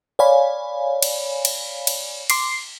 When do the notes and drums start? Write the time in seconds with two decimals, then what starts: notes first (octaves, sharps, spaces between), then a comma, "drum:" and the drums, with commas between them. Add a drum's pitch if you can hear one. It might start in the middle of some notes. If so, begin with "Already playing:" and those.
0.19 C#5 D5 F5 G#5 B5
1.02 drum: cymbal
1.45 drum: cymbal
1.87 drum: cymbal
2.30 C6 D6 C7, drum: cymbal